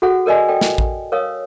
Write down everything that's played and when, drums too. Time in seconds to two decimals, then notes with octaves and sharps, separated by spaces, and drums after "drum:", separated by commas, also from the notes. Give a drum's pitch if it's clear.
0.02 F#4 G#4 A4 F#5
0.26 A4 A#4 D5 D#5 G#5
0.48 A4 D5 G5
0.61 drum: snare
0.78 drum: kick A1
1.12 A#4 C#5 F5 D#6